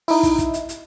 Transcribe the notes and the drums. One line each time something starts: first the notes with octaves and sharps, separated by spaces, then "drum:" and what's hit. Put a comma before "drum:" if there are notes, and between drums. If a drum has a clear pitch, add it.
D#4 E4, drum: open hi-hat
drum: kick, hi-hat
drum: kick, hi-hat
drum: hi-hat
drum: hi-hat